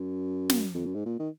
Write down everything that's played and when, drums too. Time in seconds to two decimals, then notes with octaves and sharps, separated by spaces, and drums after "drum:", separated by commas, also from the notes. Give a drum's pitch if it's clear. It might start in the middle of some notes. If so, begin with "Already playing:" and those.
Already playing: F#2
0.50 drum: snare
0.74 F2
0.85 F#2
0.95 G#2
1.05 A#2
1.19 D#3